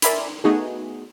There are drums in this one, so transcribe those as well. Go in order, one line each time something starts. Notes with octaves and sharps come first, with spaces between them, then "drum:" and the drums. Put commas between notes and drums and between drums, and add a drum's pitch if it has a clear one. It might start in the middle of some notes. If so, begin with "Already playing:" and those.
A#4 D5 E5 G#5 B5 C6, drum: hi-hat
A3 B3 D#4 F#4 G#4